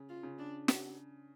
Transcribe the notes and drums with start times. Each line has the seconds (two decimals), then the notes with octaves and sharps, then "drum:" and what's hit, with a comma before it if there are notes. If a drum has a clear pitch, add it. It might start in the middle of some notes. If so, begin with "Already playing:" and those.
Already playing: C#3
0.09 F4
0.23 C#3
0.39 D4
0.68 drum: snare